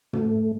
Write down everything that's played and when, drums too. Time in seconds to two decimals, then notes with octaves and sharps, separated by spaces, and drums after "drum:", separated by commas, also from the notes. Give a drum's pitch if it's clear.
0.13 A3, drum: tom